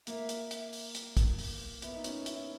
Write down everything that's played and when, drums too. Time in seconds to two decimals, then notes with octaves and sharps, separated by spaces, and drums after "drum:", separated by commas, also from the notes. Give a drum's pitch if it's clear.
0.07 A#3 E5, drum: hi-hat
0.29 drum: hi-hat
0.51 drum: hi-hat
0.73 drum: open hi-hat
0.95 drum: hi-hat
1.17 drum: kick, hi-hat
1.39 drum: open hi-hat
1.82 B3 E5, drum: hi-hat
1.96 D#4
2.04 C#4, drum: hi-hat
2.26 E4, drum: hi-hat